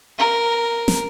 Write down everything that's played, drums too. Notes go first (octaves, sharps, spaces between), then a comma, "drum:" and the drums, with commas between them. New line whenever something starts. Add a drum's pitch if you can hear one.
A#4
drum: snare